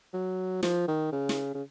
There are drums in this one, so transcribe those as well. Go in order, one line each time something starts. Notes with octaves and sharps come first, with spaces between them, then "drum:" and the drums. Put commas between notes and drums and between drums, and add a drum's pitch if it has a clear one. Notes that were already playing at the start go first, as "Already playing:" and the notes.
F#3
F3, drum: snare
D#3
C#3
drum: snare
C#3